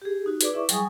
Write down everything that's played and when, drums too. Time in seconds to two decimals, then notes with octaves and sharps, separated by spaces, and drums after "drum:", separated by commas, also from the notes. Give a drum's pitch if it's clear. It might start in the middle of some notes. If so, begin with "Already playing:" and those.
0.02 G4 G#4
0.26 D#4 F#4
0.41 G#4 B4 D5 D6, drum: hi-hat
0.53 E4 E5 C#6
0.69 F#3 G3 G#4 G#5 C#6 D#6, drum: hi-hat